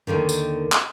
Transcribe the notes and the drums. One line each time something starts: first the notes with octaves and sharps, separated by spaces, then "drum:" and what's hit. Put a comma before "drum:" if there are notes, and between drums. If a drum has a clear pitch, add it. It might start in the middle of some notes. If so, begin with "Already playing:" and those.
D#2 B2 D3 D#3
drum: tambourine
drum: clap